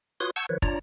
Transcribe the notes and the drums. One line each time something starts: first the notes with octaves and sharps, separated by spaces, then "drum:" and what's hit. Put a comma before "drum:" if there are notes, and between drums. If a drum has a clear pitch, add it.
F4 F#4 B4 C#5 C6 D#6
F#5 A5 C#6 E6 G6 G#6
D#3 F3 B4 C#5
D4 F4 C#5 D5 A#5, drum: kick